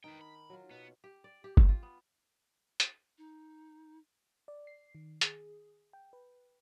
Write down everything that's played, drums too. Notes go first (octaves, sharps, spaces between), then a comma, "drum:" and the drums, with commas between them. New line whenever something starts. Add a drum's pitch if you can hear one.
D#3 D#4 B4 G5
B5
F#3 F4
B2 B3
G4
D5
G4
G4, drum: kick
F4
B3
drum: hi-hat
D#4
D5
C7
D#3
G#4, drum: hi-hat
G5
B4